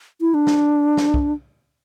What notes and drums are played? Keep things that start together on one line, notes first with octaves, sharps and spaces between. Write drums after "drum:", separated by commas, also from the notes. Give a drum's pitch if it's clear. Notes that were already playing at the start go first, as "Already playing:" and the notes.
E4
D4
drum: snare
drum: snare
drum: kick